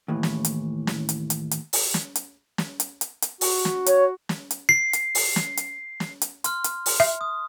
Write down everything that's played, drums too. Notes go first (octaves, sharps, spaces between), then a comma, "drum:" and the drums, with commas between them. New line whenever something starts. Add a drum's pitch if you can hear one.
D#2 A2 E3
drum: snare
drum: hi-hat
drum: snare
drum: hi-hat
drum: hi-hat
drum: hi-hat
drum: open hi-hat
drum: snare
drum: hi-hat
drum: snare
drum: hi-hat
drum: hi-hat
drum: hi-hat
F#4, drum: open hi-hat
drum: snare
C#5, drum: hi-hat
drum: snare
drum: hi-hat
C7
drum: hi-hat
drum: open hi-hat
drum: snare
drum: hi-hat
drum: snare
drum: hi-hat
C6 F6, drum: hi-hat
drum: hi-hat
drum: open hi-hat
E5
D#6